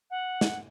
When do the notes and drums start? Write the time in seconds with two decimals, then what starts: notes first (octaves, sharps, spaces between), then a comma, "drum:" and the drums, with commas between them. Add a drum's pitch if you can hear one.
0.10 F#5
0.41 drum: snare